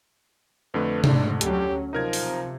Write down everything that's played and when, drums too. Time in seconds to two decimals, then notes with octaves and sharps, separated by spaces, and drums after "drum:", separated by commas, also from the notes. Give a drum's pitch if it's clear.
0.74 F2 D3 A3 B4
1.04 G#2 D4, drum: tom C3
1.41 D2 F#3 C#4 G4, drum: hi-hat
1.93 C3 F3 D#4 A#4 G#6
2.13 drum: open hi-hat
2.23 C3